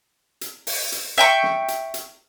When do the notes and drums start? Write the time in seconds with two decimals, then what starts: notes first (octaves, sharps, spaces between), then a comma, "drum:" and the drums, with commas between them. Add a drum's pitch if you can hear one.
0.41 drum: hi-hat
0.67 drum: open hi-hat
0.92 drum: hi-hat
1.18 E5 G5 B5 C#6
1.43 drum: snare
1.68 drum: hi-hat
1.94 drum: hi-hat